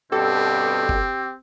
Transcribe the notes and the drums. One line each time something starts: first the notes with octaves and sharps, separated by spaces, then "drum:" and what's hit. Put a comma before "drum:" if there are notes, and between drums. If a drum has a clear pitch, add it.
G2 B2 C4 G4 A4
drum: kick